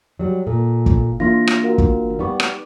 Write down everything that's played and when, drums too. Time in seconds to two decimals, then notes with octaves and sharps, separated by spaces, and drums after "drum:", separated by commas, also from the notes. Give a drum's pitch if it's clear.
0.19 F#3 G3
0.47 A#2 A4
0.86 drum: kick
1.20 E3 A#3 D4 F4 E5 C6 A#6
1.47 drum: rim click
1.63 F#4 A#4 F5
1.78 drum: kick
2.19 G3 B3 D#4 C#6 D6
2.40 drum: rim click